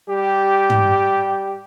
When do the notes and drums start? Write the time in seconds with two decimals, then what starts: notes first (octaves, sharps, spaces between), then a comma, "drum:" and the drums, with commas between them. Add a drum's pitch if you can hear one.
0.10 G3 G4
0.70 drum: tom